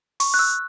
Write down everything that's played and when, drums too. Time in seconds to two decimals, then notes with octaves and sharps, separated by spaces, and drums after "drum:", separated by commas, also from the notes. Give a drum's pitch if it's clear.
0.20 C#6, drum: open hi-hat
0.34 F#6
0.39 E6